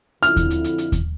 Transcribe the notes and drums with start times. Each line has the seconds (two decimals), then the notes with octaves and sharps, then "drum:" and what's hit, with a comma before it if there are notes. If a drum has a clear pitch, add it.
0.23 F2 D3 E4 F6, drum: hi-hat
0.36 drum: kick D#2, hi-hat
0.50 drum: hi-hat
0.64 drum: hi-hat
0.78 drum: hi-hat
0.92 drum: kick D#2, hi-hat